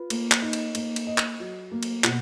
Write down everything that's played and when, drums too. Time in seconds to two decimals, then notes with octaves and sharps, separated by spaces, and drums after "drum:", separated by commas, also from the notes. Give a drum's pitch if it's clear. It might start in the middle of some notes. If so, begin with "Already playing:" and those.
Already playing: F4 B4
0.10 A#3, drum: cymbal
0.32 drum: clap
0.42 D#4
0.53 drum: cymbal
0.75 A#3, drum: cymbal
0.96 drum: cymbal
1.07 D#5
1.18 drum: clap
1.40 F#3
1.72 A#3
1.83 drum: cymbal
2.04 B2, drum: clap